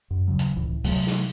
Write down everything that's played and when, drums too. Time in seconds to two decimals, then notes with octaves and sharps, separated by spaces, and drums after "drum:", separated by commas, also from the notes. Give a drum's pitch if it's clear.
0.10 F#2
0.27 D#1 B1 C#3 F#3
0.39 drum: hi-hat
0.56 C#2 A2 E3
0.84 C3 F#3 A3, drum: kick, open hi-hat
1.07 drum: snare